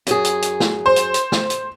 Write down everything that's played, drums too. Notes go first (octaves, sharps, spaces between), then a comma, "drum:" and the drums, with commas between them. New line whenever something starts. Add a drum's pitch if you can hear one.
F#2 G#4, drum: hi-hat
drum: hi-hat
drum: hi-hat
drum: snare
C5
drum: hi-hat
drum: hi-hat
drum: snare
drum: hi-hat